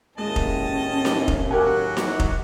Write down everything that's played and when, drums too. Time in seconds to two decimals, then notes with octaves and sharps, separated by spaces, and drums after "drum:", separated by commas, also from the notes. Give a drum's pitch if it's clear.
0.18 D#2 A2 G#3 C#4 D#5 A5
0.36 drum: kick F1
1.05 drum: snare D#4
1.28 drum: kick F1
1.51 F#3 G4 A#4 F#5 G#5
1.97 drum: snare D#4
2.20 drum: kick F1